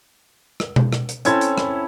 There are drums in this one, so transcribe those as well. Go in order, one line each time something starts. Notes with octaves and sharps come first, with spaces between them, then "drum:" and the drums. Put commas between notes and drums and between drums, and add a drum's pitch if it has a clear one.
drum: rim click
drum: tom B2
drum: rim click
drum: hi-hat
C4 C#4 E4 A4 G#6, drum: hi-hat
drum: hi-hat
drum: rim click